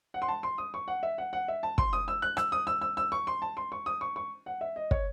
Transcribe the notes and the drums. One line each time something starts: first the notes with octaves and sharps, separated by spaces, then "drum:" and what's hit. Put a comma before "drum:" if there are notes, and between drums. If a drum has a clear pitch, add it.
F#5
C6
A5
C6
D#6
C#6
F#5
E5
F#5
F#5
E5
A5
C6, drum: kick
D#6
E6
F#6
E6, drum: rim click
D#6
E6
E6
E6
C#6
C6
A5
C6
C#6
D#6
C#6
C#6
F#5
E5
D#5
C#5, drum: kick